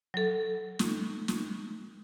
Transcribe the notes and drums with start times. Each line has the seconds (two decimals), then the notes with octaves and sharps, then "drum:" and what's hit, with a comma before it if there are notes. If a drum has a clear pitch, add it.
0.14 F#3 A4
0.79 drum: snare
1.28 drum: snare